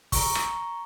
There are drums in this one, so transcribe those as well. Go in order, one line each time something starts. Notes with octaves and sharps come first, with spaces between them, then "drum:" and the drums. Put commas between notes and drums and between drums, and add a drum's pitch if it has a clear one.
A#5 C#6, drum: kick, open hi-hat
drum: rim click